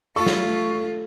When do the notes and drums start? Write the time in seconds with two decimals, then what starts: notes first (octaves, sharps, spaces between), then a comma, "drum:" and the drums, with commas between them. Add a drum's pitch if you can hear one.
0.16 A3 F4 A4 C#6
0.26 drum: snare